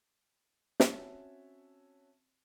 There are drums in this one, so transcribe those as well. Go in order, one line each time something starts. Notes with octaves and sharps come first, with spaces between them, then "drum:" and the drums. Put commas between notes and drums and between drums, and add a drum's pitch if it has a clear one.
C4 C#4 F#4 C#5 E5 A5, drum: snare